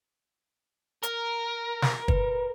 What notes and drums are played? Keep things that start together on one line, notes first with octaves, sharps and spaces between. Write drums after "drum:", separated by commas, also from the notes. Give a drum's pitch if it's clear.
A#4, drum: hi-hat
drum: snare
B4, drum: kick